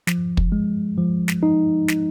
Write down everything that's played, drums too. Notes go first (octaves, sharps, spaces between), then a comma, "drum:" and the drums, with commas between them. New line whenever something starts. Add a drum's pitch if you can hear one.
F3, drum: snare
drum: kick
G#3
F3
drum: snare
D#4
drum: snare